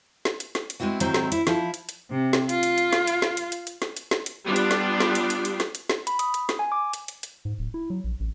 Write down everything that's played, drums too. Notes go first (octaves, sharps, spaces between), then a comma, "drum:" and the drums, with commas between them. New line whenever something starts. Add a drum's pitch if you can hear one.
drum: snare
drum: hi-hat
drum: snare
drum: hi-hat
G#3 B3 C4 E4 F#4
G#2 D#3 F#3 C4 E4, drum: hi-hat
drum: snare
E4, drum: hi-hat
F3 E4, drum: snare
drum: hi-hat
drum: hi-hat
C3
drum: snare
F4, drum: hi-hat
drum: hi-hat
drum: hi-hat
drum: snare
drum: hi-hat
drum: snare
drum: hi-hat
drum: hi-hat
drum: hi-hat
drum: snare
drum: hi-hat
drum: snare
drum: hi-hat
G3 B3 D4 F4 G4
drum: hi-hat
drum: snare
drum: snare
drum: hi-hat
drum: hi-hat
drum: hi-hat
drum: snare
drum: hi-hat
drum: snare
B5, drum: hi-hat
D#6, drum: hi-hat
drum: hi-hat
drum: snare
G#5
D6
drum: hi-hat
drum: hi-hat
drum: hi-hat
G#2
D1
E4
F#3
A#1
A1